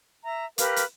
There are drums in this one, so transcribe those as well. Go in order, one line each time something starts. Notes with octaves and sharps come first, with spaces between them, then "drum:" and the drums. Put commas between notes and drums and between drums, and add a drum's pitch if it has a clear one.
E5 A#5
G4 A#4 B4 F5, drum: hi-hat
drum: hi-hat